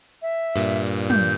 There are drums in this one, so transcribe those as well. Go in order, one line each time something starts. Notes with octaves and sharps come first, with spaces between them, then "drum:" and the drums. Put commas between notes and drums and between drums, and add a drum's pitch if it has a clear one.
E5
G2 A#2, drum: open hi-hat
drum: hi-hat
G6, drum: tom